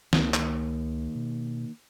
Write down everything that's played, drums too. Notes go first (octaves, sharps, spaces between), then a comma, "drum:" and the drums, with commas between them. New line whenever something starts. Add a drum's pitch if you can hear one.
C#2 D#3 A#3, drum: snare
drum: clap
B2